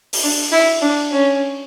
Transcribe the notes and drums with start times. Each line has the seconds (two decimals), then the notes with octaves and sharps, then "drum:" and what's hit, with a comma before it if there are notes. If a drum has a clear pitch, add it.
0.13 drum: open hi-hat
0.23 D4
0.52 E4
0.81 D4
1.11 C#4